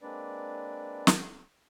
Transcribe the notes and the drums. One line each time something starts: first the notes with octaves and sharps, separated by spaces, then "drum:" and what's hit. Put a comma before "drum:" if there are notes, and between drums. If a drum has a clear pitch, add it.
G#3 A#3 C4 D4 B4 D5
drum: snare